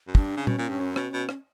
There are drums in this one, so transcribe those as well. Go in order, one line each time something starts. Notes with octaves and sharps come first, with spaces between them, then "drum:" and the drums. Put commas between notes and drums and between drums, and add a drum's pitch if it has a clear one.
F#2
G2 D4, drum: kick
C#3
B2 C#4, drum: tom A#2
A#2
G2
F#2
B2, drum: rim click
B2
drum: rim click